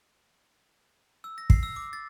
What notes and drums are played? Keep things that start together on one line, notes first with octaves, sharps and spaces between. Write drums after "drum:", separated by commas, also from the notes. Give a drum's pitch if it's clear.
E6
A#6
C7, drum: kick
E6
D6
A6